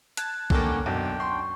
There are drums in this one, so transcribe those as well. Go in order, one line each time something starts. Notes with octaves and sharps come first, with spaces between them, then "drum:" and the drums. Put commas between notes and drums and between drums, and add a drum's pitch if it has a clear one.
A5 F#6 G#6, drum: hi-hat
D3 D#3 A#3 C#4 F#5 G5 A5, drum: kick B1
B1 F#2 D4 G5
C6 C#6